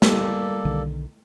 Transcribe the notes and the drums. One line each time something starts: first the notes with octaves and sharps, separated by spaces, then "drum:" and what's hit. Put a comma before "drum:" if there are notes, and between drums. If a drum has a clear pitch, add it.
G3 A#3 A4 D5, drum: snare
B1 D3 D#3